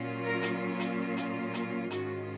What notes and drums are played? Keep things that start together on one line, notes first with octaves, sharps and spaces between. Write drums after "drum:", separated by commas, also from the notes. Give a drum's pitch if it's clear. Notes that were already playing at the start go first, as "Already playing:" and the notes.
Already playing: A#2 F#3 A#3 C#4 F4
A#4
drum: hi-hat
drum: hi-hat
drum: hi-hat
drum: hi-hat
G#2 D#3 G#3 C#4 F4 F#4, drum: hi-hat